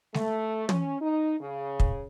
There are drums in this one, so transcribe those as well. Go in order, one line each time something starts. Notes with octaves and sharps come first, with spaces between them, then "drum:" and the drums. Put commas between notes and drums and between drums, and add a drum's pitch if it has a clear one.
A3, drum: snare G#3
C#4, drum: tom
D#4
C#3
drum: kick